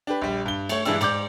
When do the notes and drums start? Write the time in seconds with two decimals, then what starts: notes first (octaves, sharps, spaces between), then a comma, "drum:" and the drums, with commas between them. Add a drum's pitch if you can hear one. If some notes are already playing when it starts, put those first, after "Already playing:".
0.07 D4 G4 B4
0.21 A#1 G3
0.46 G2 G7
0.69 A3 C#5, drum: cymbal
0.85 G2 E3 G#3 D4 E4 E6, drum: cymbal
1.01 G#2 D5 D6 G6, drum: cymbal